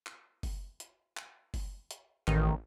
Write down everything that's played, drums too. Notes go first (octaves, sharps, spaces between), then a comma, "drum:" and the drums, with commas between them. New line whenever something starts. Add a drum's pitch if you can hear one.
drum: clap
drum: kick F#1, open hi-hat
drum: hi-hat
drum: clap
drum: kick F#1, open hi-hat
drum: hi-hat
A1 D#3, drum: clap